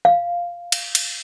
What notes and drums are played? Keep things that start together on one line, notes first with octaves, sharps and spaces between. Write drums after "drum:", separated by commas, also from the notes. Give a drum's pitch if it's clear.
F5
drum: cymbal
drum: cymbal